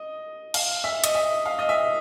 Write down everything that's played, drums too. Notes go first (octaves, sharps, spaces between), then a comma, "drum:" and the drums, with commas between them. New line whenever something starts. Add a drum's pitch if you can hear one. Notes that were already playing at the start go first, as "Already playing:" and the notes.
Already playing: D#5
F5, drum: cymbal
E5
D#5, drum: hi-hat
E5
F5
D#5
E5